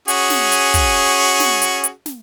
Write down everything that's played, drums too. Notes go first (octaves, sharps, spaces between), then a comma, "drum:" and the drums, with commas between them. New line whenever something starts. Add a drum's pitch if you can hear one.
C#4 F#4 G#4, drum: hi-hat
drum: snare
drum: hi-hat
drum: kick, hi-hat
drum: snare
drum: hi-hat
drum: hi-hat
drum: snare